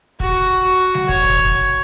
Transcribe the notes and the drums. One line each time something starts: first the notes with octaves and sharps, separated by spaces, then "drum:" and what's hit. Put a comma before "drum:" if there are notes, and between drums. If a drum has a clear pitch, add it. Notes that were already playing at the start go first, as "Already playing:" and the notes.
F#4, drum: kick
drum: hi-hat
F#4, drum: hi-hat
drum: snare
C#5, drum: kick
drum: kick, hi-hat
drum: kick
drum: hi-hat